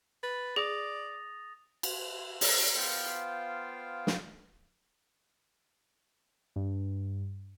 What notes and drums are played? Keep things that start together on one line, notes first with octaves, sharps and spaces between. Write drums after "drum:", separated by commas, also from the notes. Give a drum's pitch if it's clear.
B4 A6
G#4 D5 D#6 A#6 F7
drum: cymbal
drum: open hi-hat
B3 F4 C5 F5 G5
drum: snare
G2